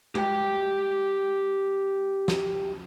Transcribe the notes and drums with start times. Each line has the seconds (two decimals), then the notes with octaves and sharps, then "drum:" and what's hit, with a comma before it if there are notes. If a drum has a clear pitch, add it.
0.15 G4 G5, drum: tom G#3
2.28 drum: snare